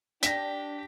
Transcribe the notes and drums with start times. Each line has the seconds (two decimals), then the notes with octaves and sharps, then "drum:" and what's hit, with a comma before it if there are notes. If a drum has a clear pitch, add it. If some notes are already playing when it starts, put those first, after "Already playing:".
0.23 D4 G4 G5 A#6 B6, drum: hi-hat